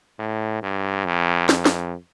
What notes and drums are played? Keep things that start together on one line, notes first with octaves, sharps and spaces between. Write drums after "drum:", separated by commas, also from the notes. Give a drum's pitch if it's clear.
A2
G2
F2
F2, drum: snare
drum: snare